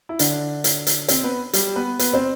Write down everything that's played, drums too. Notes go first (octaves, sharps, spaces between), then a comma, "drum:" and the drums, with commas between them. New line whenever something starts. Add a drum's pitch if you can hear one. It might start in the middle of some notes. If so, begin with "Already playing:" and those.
E4
D3 D4, drum: hi-hat
drum: hi-hat
drum: hi-hat
C4 C5, drum: hi-hat
B3 B4
G3 G4, drum: hi-hat
B3 B4
B3 B4, drum: hi-hat
C4 C5